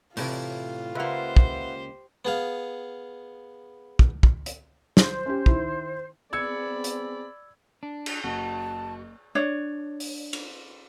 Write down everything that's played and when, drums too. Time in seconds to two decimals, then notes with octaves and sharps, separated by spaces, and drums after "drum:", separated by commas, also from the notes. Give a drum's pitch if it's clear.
0.17 A2 C3 E3 F4, drum: open hi-hat
0.95 C#2 A#3 G4 B4 C5 E5 F#5
1.37 drum: kick
2.25 B3 G#4 F5
3.99 drum: kick
4.23 drum: kick
4.46 drum: hi-hat
4.97 C5, drum: snare
5.26 C#4 G4
5.46 D#3 E4, drum: kick
6.33 B3 C4 G#4 D5 B5 E6 G#6 C#7
6.84 drum: hi-hat
7.83 D4
8.06 drum: cymbal
8.24 F#1 F#4 A5
9.35 D4 C#5
10.00 drum: open hi-hat
10.33 drum: cymbal